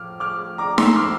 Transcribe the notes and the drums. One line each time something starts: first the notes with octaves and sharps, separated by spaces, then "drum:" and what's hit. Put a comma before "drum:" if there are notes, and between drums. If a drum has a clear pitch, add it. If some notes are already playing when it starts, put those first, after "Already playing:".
Already playing: A2 F3 D6 F6
F3 D6 F6
D4 A#5 D6
C6 E6, drum: snare D#4
F3 D6 F6